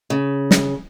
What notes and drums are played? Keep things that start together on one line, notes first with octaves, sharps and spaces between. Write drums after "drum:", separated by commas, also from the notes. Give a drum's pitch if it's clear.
C#3
drum: snare